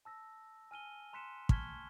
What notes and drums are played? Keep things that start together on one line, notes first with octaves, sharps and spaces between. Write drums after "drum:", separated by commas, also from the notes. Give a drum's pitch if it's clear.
A5 E6 A#6
G#5 F6 D#7 G7
A#5 C6 F#6 B6 C#7 E7
A5 C#6 F6 G#6 B6 G7, drum: kick